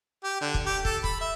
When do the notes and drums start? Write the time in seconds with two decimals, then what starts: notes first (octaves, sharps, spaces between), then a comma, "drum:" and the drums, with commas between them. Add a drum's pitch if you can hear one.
0.24 G4
0.41 D3
0.54 drum: kick
0.66 G4
0.85 A4, drum: kick
1.04 B5, drum: kick
1.21 E5